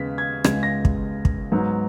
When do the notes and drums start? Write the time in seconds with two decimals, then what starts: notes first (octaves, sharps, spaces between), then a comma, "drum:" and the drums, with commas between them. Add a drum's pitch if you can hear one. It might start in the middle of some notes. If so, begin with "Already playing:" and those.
Already playing: D#2 C#3 G#3 B3 B6
0.18 G#6
0.44 C#2 C#3 G#3 B3 G#6, drum: rim click
0.63 A#6
0.85 drum: kick
1.25 drum: kick
1.52 G#2 F#3 B3